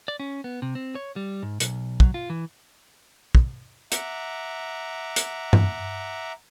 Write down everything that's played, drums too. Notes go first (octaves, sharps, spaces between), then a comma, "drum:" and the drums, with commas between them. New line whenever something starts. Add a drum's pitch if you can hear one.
D5
C#4
B3
C3
C4
C#5
G3
G#2
B1, drum: hi-hat
F#3, drum: kick
F4
E3
drum: kick
E5 F#5 A#5 D6, drum: hi-hat
drum: hi-hat
drum: tom G2